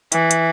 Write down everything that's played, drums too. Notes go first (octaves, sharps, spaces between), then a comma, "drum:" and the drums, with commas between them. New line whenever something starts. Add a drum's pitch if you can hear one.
E3, drum: hi-hat
drum: hi-hat